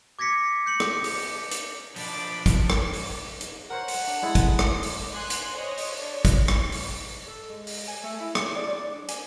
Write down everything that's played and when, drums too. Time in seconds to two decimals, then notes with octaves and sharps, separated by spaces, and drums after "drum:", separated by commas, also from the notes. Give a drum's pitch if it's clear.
0.19 D6 G#6 A#6 B6 C#7
0.66 G6 C#7 F#7
0.80 drum: rim click
1.04 drum: open hi-hat
1.51 drum: hi-hat
1.96 F3 D4 B5 D6, drum: open hi-hat
2.46 drum: kick, hi-hat
2.70 drum: rim click
2.93 drum: open hi-hat
3.41 drum: hi-hat
3.70 A#4 C5 C#5 F#5
3.88 drum: open hi-hat
4.08 D4
4.23 G#3 E4 A4
4.35 drum: kick, hi-hat
4.59 drum: rim click
4.83 drum: open hi-hat
5.12 G#5 C6 F#6
5.30 drum: hi-hat
5.54 C5 C#5 D#5
5.77 drum: open hi-hat
5.93 D4 C#5
6.25 drum: kick, hi-hat
6.48 drum: rim click
6.72 drum: open hi-hat
7.28 A4
7.49 G#3
7.67 drum: open hi-hat
7.87 G#5
8.03 A3
8.20 E4
8.35 C#4, drum: rim click
8.56 D5
8.69 D5
8.92 D4
9.08 G#5, drum: hi-hat